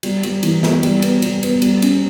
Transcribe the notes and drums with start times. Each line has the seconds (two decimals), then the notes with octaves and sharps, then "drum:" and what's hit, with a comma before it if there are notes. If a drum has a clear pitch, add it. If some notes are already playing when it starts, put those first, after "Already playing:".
0.03 G3, drum: cymbal
0.23 G3, drum: cymbal
0.43 E3, drum: cymbal
0.63 B3, drum: snare
0.83 G3, drum: cymbal
1.02 B3, drum: cymbal
1.22 G3, drum: cymbal
1.43 B3, drum: cymbal
1.62 G3, drum: cymbal
1.82 C#4, drum: cymbal